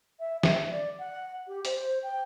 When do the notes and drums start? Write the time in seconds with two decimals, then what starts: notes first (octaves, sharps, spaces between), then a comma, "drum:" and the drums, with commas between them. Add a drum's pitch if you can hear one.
0.19 E5
0.43 E5, drum: snare
0.71 D5
0.99 F#5
1.47 G4
1.65 C5, drum: hi-hat
2.02 G5